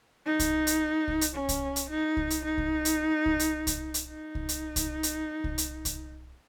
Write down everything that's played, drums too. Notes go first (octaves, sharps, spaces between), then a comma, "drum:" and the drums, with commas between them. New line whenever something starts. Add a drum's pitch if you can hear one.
D#4
drum: kick C2, hi-hat
drum: hi-hat
drum: kick C2
drum: hi-hat
C#4
drum: kick C2, hi-hat
drum: hi-hat
D#4
drum: kick C2
drum: hi-hat
D#4
drum: kick C2
drum: hi-hat
drum: kick C2
drum: hi-hat
drum: kick C2, hi-hat
drum: hi-hat
D#4
drum: kick C2
drum: hi-hat
drum: kick C2, hi-hat
drum: hi-hat
drum: kick C2
drum: hi-hat
drum: kick C2, hi-hat